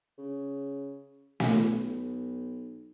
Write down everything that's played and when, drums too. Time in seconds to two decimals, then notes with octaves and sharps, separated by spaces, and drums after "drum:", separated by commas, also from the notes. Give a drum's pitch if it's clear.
0.18 C#3
1.40 B1, drum: snare